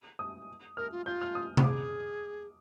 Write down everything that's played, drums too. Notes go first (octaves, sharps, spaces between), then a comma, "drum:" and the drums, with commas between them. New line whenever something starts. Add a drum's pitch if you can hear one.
D#6
A#4 F6
F4
F4 G6
F6
D#6
G4, drum: tom C3
G#4 D6